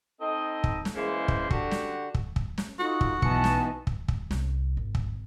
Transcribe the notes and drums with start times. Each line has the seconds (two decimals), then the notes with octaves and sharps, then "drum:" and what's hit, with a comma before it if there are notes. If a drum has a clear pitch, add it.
0.21 C4 D#4 A4 D#5
0.64 drum: kick
0.85 drum: snare
0.96 C#3 E3 G#3 A#3 C5
1.28 drum: kick
1.51 D3 F#4 G4, drum: kick
1.71 drum: snare
2.15 drum: kick
2.36 drum: kick
2.58 drum: snare
2.79 D#4 F4 F#4 A4
3.01 drum: kick
3.22 B1 E3 B3 D#4 G#5 A5 C#7, drum: kick
3.44 drum: snare
3.87 drum: kick
4.08 drum: kick
4.31 C2, drum: snare
4.77 G#1
4.95 drum: kick